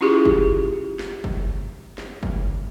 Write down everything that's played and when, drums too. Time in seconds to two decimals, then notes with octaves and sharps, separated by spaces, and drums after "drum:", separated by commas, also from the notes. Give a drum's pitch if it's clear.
0.01 C#4 E4 F4 G4 G#4
0.25 drum: kick F#1
0.99 drum: snare
1.24 drum: kick F#1
1.98 drum: snare
2.23 drum: kick F#1